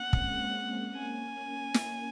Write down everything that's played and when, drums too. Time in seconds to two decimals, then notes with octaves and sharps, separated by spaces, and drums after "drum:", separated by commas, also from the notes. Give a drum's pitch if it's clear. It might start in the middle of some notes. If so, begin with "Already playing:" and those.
Already playing: A#3 C#4 F#5
0.13 G#3 C4, drum: kick
0.95 A#3 C#4 G#5
1.74 drum: snare